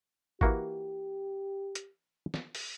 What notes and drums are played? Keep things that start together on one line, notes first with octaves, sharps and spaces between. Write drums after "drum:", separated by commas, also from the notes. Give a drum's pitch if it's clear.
E3 A#3 F#4 G4, drum: kick
drum: hi-hat
drum: snare
drum: open hi-hat